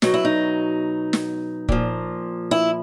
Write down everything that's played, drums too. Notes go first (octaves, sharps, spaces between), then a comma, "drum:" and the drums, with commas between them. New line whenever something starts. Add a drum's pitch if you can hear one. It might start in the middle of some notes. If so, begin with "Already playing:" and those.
B2 F#3 D#4, drum: snare
E4
D#4
drum: snare
A#2 F3, drum: kick
E4